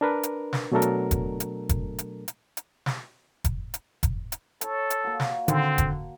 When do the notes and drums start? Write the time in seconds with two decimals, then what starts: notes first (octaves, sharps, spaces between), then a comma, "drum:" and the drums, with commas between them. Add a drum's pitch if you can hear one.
0.01 D4 A#4 B4
0.23 drum: hi-hat
0.53 drum: snare
0.72 B2 F#3 A3 D4 A4 A#4
0.82 drum: hi-hat
1.11 drum: kick F1, hi-hat
1.40 drum: hi-hat
1.69 drum: kick F1, hi-hat
1.99 drum: hi-hat
2.28 drum: hi-hat
2.57 drum: hi-hat
2.86 drum: snare
3.44 drum: kick F1, hi-hat
3.74 drum: hi-hat
4.03 drum: kick F1, hi-hat
4.32 drum: hi-hat
4.61 A4 C#5, drum: hi-hat
4.90 drum: hi-hat
5.04 A#3 F#4
5.20 drum: snare
5.48 D3 D#3 C4, drum: hi-hat
5.78 drum: kick F1, hi-hat